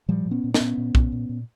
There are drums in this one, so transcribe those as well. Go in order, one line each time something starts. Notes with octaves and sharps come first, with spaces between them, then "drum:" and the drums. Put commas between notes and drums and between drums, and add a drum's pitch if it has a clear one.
A#2 F3 G3
A#2
B3 C#4
A#2
B3 C#4, drum: snare
A#2
A#2
A#2, drum: kick B1
A#2
A#2